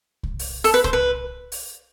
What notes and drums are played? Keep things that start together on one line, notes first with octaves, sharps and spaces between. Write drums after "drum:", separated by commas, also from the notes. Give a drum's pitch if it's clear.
drum: kick C2
drum: open hi-hat
A4, drum: open hi-hat
B4
C5, drum: kick C2
B4
drum: open hi-hat